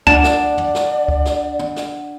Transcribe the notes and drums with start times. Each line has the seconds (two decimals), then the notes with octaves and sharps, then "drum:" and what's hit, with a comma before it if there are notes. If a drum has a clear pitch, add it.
0.07 D4 D5 F#5 A5, drum: kick C#2
0.24 drum: snare
0.58 drum: tom
0.75 drum: snare
1.08 drum: kick C#2
1.25 drum: snare
1.59 drum: tom
1.76 drum: snare